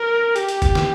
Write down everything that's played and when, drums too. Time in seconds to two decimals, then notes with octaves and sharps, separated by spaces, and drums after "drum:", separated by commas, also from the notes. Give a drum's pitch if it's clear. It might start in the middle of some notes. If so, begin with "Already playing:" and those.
Already playing: A#4
0.36 G4, drum: hi-hat
0.49 drum: hi-hat
0.62 drum: kick F#1, hi-hat
0.75 drum: snare